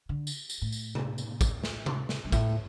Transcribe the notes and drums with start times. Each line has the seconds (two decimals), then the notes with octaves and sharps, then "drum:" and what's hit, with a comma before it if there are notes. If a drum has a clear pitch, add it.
0.09 D3
0.27 drum: tambourine
0.50 drum: tambourine
0.62 A2
0.72 drum: tambourine
0.95 drum: tom C3
1.18 drum: tambourine
1.41 drum: kick, tambourine
1.64 drum: snare
1.86 drum: tom C3
2.09 drum: snare
2.25 G2
2.32 A2, drum: kick, tambourine